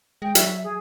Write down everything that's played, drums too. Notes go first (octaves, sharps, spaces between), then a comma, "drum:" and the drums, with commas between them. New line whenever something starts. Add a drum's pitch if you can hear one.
G#3 G5
F#3 E5, drum: hi-hat
G#4